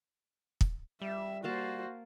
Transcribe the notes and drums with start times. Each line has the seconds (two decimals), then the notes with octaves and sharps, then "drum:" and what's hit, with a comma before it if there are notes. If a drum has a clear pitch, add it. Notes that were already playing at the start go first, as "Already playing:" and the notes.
0.61 drum: kick
1.02 G3 E5
1.44 A#3 F#4 C5 F5 A5